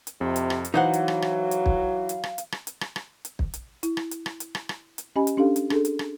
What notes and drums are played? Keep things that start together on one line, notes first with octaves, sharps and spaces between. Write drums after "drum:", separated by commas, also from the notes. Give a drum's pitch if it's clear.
drum: hi-hat
F2 C3
drum: hi-hat
drum: rim click
drum: hi-hat
E3 F#3 D#4 C5 F5 F#5
drum: hi-hat
drum: rim click
drum: rim click
drum: hi-hat
drum: kick
drum: hi-hat
drum: rim click
drum: hi-hat
drum: rim click
drum: hi-hat
drum: rim click
drum: rim click
drum: hi-hat
drum: kick
drum: hi-hat
E4, drum: hi-hat
drum: rim click
drum: hi-hat
drum: rim click
drum: hi-hat
drum: rim click
drum: rim click
drum: hi-hat
C#4 G4 D#5 G#5 B5
drum: hi-hat
C#4 D4 G4 A4 F5
drum: hi-hat
D4 G#4 A4, drum: rim click
drum: hi-hat
drum: rim click